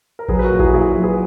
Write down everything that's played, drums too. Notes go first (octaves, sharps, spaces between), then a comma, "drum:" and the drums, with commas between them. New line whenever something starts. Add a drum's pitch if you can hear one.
A#4
F#3 G#4 B4, drum: kick A1
B4
F#4 A#4
A#2
E4 G#4, drum: kick A1
A#2 E4 G#4
F#3
G#4 B4